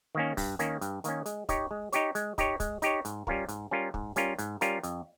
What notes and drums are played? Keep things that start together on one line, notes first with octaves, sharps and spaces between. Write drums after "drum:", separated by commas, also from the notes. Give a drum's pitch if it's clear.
D#3 A#3 C#4
G2, drum: kick, open hi-hat
D#3 A#3 C#4, drum: hi-hat
G2, drum: hi-hat
D#3 A#3 C#4, drum: hi-hat
G#3, drum: hi-hat
D#4 G4 C#5, drum: kick, hi-hat
G#3
D#4 G4 C#5, drum: hi-hat
G#3, drum: hi-hat
D#4 G4 C#5, drum: kick, hi-hat
G#3, drum: kick, hi-hat
D#4 G4 C#5, drum: hi-hat
G#2, drum: hi-hat
G3 C#4 F4 A#4, drum: kick
G#2, drum: hi-hat
G3 C#4 F4 A#4
G#2, drum: kick
G3 C#4 F4 A#4, drum: hi-hat
G#2, drum: hi-hat
G3 C#4 F4 A#4, drum: hi-hat
F2, drum: hi-hat